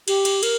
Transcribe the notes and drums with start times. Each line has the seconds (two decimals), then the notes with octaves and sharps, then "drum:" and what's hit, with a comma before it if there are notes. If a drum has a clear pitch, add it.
0.08 G4, drum: cymbal
0.25 drum: cymbal
0.43 A#4, drum: cymbal